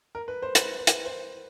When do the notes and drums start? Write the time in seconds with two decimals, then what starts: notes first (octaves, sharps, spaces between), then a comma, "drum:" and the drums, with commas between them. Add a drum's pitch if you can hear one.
0.15 A#4
0.28 B4
0.42 C5
0.55 B4, drum: hi-hat
0.79 C5
0.87 B4, drum: hi-hat
1.06 C5